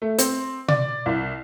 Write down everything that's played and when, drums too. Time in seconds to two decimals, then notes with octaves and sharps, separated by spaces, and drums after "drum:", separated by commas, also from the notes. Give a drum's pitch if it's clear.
0.02 A3
0.18 C4, drum: hi-hat
0.68 D5, drum: tom B2
1.06 C2